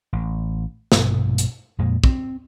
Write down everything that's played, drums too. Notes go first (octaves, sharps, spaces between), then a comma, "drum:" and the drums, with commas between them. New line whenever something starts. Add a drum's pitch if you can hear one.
A1
A#1 G2 B2 B3, drum: snare
drum: hi-hat
F2 A#2 G#3
C4, drum: kick